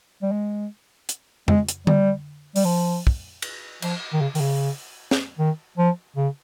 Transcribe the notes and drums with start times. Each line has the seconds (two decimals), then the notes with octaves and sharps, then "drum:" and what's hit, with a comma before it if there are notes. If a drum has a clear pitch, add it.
0.22 G3
0.31 G#3
1.09 drum: hi-hat
1.48 G#3, drum: tom F2
1.69 drum: hi-hat
1.87 G3, drum: tom D3
2.56 G3, drum: open hi-hat
2.65 F3
3.07 drum: kick
3.42 drum: cymbal
3.82 F3, drum: cymbal
4.13 D#3
4.21 C#3
4.35 D#3, drum: open hi-hat
4.41 C#3
5.11 drum: snare
5.39 D#3
5.78 F3
6.16 C#3